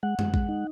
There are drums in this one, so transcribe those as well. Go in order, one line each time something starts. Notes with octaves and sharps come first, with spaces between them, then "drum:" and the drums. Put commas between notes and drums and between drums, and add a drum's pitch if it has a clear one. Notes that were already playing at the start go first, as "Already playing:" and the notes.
G#3 F#5
G#3, drum: tom
G#3, drum: kick
D#4